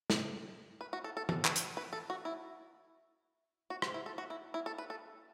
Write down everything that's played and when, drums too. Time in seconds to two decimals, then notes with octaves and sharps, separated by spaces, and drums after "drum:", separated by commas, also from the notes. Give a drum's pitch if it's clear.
0.10 drum: snare
0.81 B4
0.93 F#4
1.04 A4
1.17 A4
1.29 A4, drum: tom E3
1.45 B4, drum: clap
1.56 drum: hi-hat
1.77 B4
1.93 A4
2.10 F#4
2.25 E4
3.70 F#4
3.82 F#4, drum: rim click
3.94 E4
4.06 A4
4.18 F#4
4.30 E4
4.54 E4
4.66 A4
4.78 B4
4.90 A4